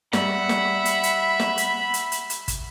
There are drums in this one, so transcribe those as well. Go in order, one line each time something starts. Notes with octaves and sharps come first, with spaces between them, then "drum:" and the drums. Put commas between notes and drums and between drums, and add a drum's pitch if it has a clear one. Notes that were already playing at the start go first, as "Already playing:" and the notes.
G3 E5 F#5 B5, drum: snare
drum: snare
drum: hi-hat
drum: hi-hat
drum: snare
drum: hi-hat
drum: hi-hat
drum: hi-hat
drum: hi-hat
drum: kick, hi-hat